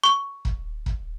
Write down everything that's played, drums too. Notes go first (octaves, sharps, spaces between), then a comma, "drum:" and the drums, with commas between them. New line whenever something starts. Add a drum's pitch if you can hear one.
C#6
drum: kick
drum: kick